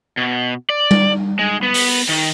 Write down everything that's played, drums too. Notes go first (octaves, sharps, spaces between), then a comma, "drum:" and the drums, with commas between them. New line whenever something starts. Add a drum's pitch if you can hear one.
B2
D5
drum: tom G3
G#3
B3
drum: open hi-hat
D#3